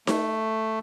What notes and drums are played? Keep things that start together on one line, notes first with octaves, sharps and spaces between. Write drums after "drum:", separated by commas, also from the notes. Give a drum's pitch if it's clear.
A3, drum: snare D#4